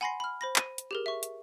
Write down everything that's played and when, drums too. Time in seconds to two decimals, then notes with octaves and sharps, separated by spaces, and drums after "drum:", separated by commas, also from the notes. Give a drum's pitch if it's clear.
0.01 F#5 G#5 B5 C6 A#6 C7
0.20 B5 F6
0.41 C5 B5 A#6
0.56 A#6 D#7, drum: clap
0.78 drum: hi-hat
0.91 G4 G#4 A#4
1.06 E5 C#6
1.23 drum: hi-hat